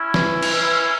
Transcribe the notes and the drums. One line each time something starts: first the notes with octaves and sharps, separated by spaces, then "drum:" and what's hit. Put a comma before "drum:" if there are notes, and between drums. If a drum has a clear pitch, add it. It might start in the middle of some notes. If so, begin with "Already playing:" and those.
Already playing: C#4 E4
E3, drum: snare
drum: cymbal
E3